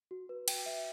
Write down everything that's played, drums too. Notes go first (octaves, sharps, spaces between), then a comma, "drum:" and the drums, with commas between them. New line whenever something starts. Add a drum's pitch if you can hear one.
F#4
B4
G5, drum: cymbal
E5